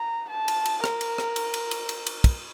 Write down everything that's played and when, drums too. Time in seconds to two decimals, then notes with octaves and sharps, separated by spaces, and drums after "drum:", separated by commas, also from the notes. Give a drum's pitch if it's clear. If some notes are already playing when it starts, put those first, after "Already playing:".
Already playing: A#5
0.30 A5
0.48 drum: cymbal
0.66 drum: cymbal
0.84 A#4, drum: rim click
1.01 drum: cymbal
1.18 drum: rim click
1.36 drum: cymbal
1.54 drum: cymbal
1.71 drum: cymbal
1.89 drum: cymbal
2.07 drum: cymbal
2.24 drum: kick, cymbal